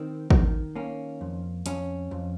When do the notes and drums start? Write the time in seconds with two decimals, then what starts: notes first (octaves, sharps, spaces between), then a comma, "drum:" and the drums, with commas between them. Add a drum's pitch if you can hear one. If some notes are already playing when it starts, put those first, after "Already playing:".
Already playing: D#3 C4
0.31 D#3, drum: kick
0.76 A#3 C#4
1.21 F2
1.66 F2 C#4, drum: hi-hat
2.11 F2